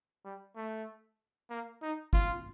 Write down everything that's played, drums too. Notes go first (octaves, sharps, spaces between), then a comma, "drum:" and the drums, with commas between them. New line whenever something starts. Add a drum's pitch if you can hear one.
G3
A3
A#3
D#4
F4, drum: kick